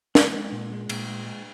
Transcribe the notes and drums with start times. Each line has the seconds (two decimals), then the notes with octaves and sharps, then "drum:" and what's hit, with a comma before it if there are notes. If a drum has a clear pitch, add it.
0.15 G#3 F#5, drum: snare
0.34 G#3
0.52 A#2
0.72 G#3
0.89 A#2, drum: cymbal
1.08 G#3
1.27 G#3